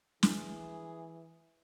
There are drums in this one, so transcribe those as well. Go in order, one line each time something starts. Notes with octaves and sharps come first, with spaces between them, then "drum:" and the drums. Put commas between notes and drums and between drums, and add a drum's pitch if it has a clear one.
E3 G#4, drum: snare